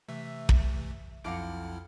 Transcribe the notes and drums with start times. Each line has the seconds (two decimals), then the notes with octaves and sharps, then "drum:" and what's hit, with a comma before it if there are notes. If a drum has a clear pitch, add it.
0.08 C3 E3 A3 E5
0.49 drum: kick
1.24 B1 F2 E4 F5 F#5 A#5 D6 F6